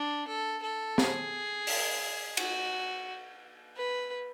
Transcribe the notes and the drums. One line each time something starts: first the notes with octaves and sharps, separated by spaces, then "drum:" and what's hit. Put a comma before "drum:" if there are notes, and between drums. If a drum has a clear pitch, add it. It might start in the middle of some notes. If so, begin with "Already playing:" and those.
Already playing: D4
A4
A4
G#4, drum: snare
drum: open hi-hat
F#4, drum: cymbal
B4